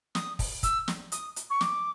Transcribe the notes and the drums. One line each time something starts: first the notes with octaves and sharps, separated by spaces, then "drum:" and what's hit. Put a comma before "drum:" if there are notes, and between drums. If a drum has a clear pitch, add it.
D#6, drum: snare
drum: kick, open hi-hat
E6, drum: kick, hi-hat
drum: snare
D#6, drum: hi-hat
drum: hi-hat
C#6
D6, drum: snare